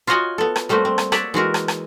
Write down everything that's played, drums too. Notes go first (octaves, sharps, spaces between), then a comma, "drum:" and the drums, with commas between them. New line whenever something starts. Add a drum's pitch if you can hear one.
F4 F#4 C#5 D#5 F#5 G#5
B3 A4
drum: rim click
G3 A3 A#3 C4 F#4
C4
drum: rim click
C#5 D5 E5 F#5, drum: rim click
E3 G#3 F#4 A#4
drum: rim click
drum: rim click